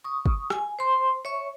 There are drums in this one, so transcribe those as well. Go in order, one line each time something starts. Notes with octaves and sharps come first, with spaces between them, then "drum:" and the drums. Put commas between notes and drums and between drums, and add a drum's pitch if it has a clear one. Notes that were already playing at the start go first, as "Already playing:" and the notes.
C#6 D#6
drum: kick
G#5, drum: rim click
C5 C6
C#5 E5 C#6